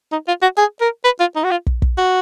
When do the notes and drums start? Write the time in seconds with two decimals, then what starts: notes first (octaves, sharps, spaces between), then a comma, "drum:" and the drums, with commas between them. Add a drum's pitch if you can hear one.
0.12 D#4
0.27 F4
0.42 F#4
0.58 G#4
0.81 A#4
1.04 B4
1.20 F4
1.36 D#4
1.44 F#4
1.51 F4
1.67 drum: kick
1.82 drum: kick
1.98 F#4